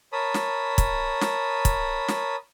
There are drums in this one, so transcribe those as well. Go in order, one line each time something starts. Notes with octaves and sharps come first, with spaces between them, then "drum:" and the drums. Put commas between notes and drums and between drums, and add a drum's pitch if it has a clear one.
A#4 C#5 A5 B5 D#6
drum: snare
drum: kick, hi-hat
drum: snare
drum: kick, hi-hat
drum: snare